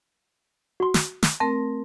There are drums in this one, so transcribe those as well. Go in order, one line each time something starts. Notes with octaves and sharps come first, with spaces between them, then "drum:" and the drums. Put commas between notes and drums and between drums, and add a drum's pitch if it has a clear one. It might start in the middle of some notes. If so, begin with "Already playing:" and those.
F#4 C6
drum: snare
drum: snare
A3 C4 A#4 A5